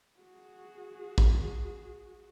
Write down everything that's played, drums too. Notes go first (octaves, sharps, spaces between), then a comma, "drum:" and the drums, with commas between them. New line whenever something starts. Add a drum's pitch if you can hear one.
F#4 G#4
drum: kick A1